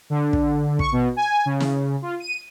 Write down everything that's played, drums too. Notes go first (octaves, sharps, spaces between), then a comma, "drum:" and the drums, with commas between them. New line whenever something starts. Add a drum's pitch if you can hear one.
D3
drum: kick
C#6, drum: kick
B2
G#5
C#3
drum: snare
F4
D#7